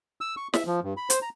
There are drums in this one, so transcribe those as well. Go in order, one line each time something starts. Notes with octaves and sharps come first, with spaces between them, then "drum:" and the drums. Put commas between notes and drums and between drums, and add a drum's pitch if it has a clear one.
E6
C#6
E5, drum: snare
F3
G2
B5
C5, drum: hi-hat
A#5